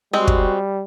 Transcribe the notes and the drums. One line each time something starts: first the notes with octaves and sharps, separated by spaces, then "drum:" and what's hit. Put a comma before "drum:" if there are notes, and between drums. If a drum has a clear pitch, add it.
G3 G#3 C4 F#4
drum: kick